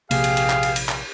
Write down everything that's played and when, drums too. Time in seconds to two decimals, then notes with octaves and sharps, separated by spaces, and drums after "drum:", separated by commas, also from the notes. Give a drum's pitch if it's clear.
0.11 A#1 C3 A#3 G4 G#4 F5, drum: cymbal
0.24 drum: cymbal
0.37 drum: cymbal
0.50 drum: clap
0.63 drum: cymbal
0.76 drum: cymbal
0.89 drum: clap